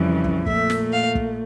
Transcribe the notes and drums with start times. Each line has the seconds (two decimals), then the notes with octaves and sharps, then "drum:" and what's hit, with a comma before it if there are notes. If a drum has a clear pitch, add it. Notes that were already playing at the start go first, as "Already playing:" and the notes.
Already playing: F2 C#3 E3 G3
0.24 drum: kick
0.46 A#2 A3 E5, drum: kick
0.70 drum: snare
0.92 F5
1.15 drum: kick